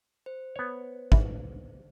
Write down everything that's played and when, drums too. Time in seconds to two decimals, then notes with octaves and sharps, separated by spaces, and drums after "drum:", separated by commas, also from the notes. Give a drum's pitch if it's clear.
0.26 C5
0.56 B3 C#5
1.12 G#2 E3, drum: kick